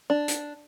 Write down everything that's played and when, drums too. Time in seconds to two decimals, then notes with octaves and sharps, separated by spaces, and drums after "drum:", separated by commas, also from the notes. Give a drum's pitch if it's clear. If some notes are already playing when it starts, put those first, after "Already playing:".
0.10 D4
0.28 drum: hi-hat